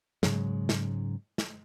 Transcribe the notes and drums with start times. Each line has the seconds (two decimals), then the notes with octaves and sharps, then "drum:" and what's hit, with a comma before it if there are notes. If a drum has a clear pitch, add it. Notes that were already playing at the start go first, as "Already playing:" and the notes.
0.23 G#2 C#3 F#3 G#3, drum: snare
0.69 drum: snare
1.38 drum: snare